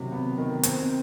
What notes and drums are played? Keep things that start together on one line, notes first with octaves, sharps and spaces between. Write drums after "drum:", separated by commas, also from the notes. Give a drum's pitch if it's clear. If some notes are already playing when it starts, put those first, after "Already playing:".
Already playing: C3 D#3 F#3
B3
D#3
C4, drum: hi-hat